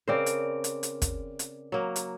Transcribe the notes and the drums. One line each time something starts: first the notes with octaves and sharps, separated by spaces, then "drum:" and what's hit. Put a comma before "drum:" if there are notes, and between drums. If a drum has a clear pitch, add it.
C#3 C4 A#4 C5 D5
drum: hi-hat
drum: hi-hat
drum: hi-hat
drum: kick, hi-hat
drum: hi-hat
F#3 A#3
drum: hi-hat